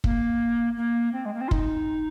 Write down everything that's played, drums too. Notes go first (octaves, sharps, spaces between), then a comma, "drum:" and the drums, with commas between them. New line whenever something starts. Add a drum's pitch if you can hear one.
A#3, drum: kick
A#3
C4
G#3
A#3
C4
F4
D#4, drum: kick